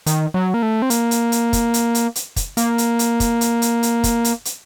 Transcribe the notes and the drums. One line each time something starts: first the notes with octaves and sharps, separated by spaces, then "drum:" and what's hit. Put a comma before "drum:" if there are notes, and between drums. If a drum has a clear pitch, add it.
D#3, drum: hi-hat
F#3
A#3
A3
C4
A#3, drum: hi-hat
drum: hi-hat
drum: hi-hat
drum: kick, hi-hat
drum: hi-hat
drum: hi-hat
drum: hi-hat
drum: kick, hi-hat
A#3, drum: hi-hat
drum: hi-hat
drum: hi-hat
drum: kick, hi-hat
drum: hi-hat
drum: hi-hat
drum: hi-hat
drum: kick, hi-hat
drum: hi-hat
drum: hi-hat